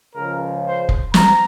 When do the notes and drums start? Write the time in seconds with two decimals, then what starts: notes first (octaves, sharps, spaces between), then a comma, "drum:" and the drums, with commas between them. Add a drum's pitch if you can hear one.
0.15 C#2 C#3 F3 A#4
0.64 C5
0.89 drum: kick F1
1.14 A#5, drum: snare